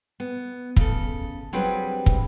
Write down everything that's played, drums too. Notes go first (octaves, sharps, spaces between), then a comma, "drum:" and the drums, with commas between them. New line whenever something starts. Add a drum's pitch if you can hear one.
B3
C#3 A4, drum: kick
F#3 G3 C4 D4 G#4 B4
drum: kick